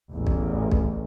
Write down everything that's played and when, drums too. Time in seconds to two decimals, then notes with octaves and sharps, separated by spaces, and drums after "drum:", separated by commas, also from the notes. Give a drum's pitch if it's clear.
0.12 A1 E2
0.27 drum: kick B1
0.71 drum: kick B1